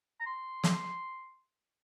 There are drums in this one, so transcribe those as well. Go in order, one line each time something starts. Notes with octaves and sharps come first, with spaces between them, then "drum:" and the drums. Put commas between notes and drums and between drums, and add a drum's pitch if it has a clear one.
A#5
C6
drum: snare